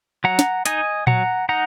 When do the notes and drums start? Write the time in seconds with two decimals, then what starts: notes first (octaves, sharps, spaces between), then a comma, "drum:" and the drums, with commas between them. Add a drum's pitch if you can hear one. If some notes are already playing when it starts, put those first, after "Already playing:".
0.24 F#3 F#5 A#5
0.39 drum: snare
0.66 D#4 D#5 G#5, drum: hi-hat
1.07 F#3 F#5 A#5, drum: tom A#2
1.49 D#4 F#5 A#5